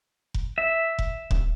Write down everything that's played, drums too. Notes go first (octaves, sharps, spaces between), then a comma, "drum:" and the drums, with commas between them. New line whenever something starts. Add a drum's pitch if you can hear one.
drum: kick F1
E5
drum: kick F1
D#1, drum: kick F1